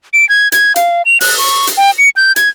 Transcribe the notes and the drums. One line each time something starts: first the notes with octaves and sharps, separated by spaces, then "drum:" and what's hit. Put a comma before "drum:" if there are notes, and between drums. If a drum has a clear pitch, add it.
D7
G#6
G#6, drum: hi-hat
F5, drum: hi-hat
F7
F#6, drum: open hi-hat
C#6
drum: hi-hat
G5
C#7
G6
G#6, drum: hi-hat